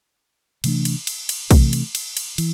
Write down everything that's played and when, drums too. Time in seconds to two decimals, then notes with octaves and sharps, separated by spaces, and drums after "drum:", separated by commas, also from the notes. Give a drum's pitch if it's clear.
0.64 C3 E3 A3 D4, drum: cymbal
0.85 drum: cymbal
1.07 drum: cymbal
1.29 drum: cymbal
1.51 C3 E3 A3, drum: kick, cymbal
1.73 drum: cymbal
1.95 drum: cymbal
2.17 drum: cymbal
2.38 E3, drum: cymbal